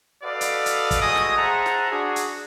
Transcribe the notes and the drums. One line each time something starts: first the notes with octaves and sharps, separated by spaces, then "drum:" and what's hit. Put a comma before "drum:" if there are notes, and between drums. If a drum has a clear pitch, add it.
F#4 A4 B4 D5 D#5 F5
drum: hi-hat
drum: hi-hat
drum: kick, hi-hat
G#3 A3 F#4 D#5 G#5 D#6
drum: snare
G#4 C5 E5 F#5 A5 A#5
drum: snare
D4 F#4 G#4
drum: hi-hat